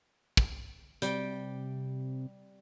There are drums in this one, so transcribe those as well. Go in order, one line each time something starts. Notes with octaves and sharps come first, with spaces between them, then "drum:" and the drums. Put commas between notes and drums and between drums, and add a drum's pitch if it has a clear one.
drum: kick
C3 G3 G5, drum: hi-hat